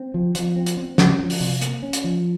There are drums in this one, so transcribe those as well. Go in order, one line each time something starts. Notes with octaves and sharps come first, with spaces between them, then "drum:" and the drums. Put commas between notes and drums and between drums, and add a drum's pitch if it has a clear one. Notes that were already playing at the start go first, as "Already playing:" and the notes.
Already playing: C4
F3
F3, drum: hi-hat
C4
drum: hi-hat
C4
C#4, drum: snare
F3
drum: open hi-hat
C3
A#3, drum: hi-hat
C#4
drum: hi-hat
F3